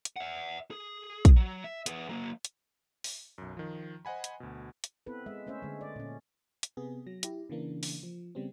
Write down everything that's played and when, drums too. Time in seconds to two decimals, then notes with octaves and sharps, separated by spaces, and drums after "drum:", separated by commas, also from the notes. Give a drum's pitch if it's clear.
0.05 drum: hi-hat
0.16 E5 F#5
0.71 G#4
1.25 drum: kick, hi-hat
1.36 F#3
1.64 E5
1.86 B3 G#4, drum: hi-hat
2.09 F#3 A#3
2.45 drum: hi-hat
3.04 drum: open hi-hat
3.38 B1 F#2
3.57 D#3 F3
4.05 C5 D#5 F#5 G#5 B5
4.24 drum: hi-hat
4.40 D2 B2
4.84 drum: hi-hat
5.06 B3 C4 E4 A4 B4
5.26 G#3 E5
5.47 A3 C#4 C5 E5
5.62 D3 G#3
5.81 D5
5.96 A#2 C#4
6.63 drum: hi-hat
6.77 C3 B3 G#4
7.06 F#3 A#6
7.23 E4 G4, drum: hi-hat
7.50 C#3 E3 A#3 D4
7.83 drum: open hi-hat
8.03 F3
8.35 C#3 G3 B3 C4